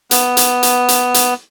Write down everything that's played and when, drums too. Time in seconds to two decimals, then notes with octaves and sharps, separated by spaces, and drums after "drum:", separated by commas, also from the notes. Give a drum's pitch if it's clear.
0.11 B3, drum: hi-hat
0.37 drum: hi-hat
0.63 drum: hi-hat
0.88 drum: hi-hat
1.14 drum: hi-hat